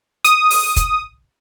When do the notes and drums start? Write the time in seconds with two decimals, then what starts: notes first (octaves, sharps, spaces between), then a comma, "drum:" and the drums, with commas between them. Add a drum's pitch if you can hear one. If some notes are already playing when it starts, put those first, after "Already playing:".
0.25 D#6, drum: hi-hat
0.50 drum: open hi-hat
0.76 drum: kick, hi-hat